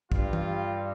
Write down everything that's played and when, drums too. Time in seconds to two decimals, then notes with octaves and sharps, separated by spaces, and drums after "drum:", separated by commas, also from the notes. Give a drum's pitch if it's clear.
0.12 G2 G3 F4, drum: kick
0.33 drum: tom E3